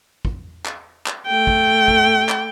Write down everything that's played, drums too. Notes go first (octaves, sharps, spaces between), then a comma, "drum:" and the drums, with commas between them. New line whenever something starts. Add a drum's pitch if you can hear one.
drum: kick
drum: clap
drum: clap
A3 G5
drum: kick
drum: kick
drum: clap